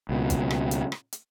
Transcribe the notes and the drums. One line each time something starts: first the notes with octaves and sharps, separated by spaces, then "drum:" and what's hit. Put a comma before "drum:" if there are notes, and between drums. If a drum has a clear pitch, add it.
C#2 B2
drum: kick, hi-hat
drum: rim click
drum: hi-hat
drum: rim click
drum: hi-hat